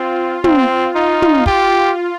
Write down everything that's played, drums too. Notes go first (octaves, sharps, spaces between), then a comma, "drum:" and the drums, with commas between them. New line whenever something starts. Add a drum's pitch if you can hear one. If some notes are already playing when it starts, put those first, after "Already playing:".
Already playing: C4 F4
C4, drum: tom
D#4 F4
drum: tom
F4 G4, drum: kick